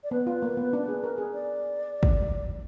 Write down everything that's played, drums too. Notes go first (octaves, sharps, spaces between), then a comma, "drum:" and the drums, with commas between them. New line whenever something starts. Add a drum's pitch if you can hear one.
D5
B3 B4
F4
A#3
B3
D4
G#4
A#4
G#4
D5
drum: kick